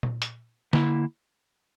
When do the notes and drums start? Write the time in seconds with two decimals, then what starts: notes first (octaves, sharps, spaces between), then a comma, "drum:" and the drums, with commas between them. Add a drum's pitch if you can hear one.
0.03 drum: tom A#2
0.22 drum: hi-hat
0.73 D3 A#3 E4, drum: snare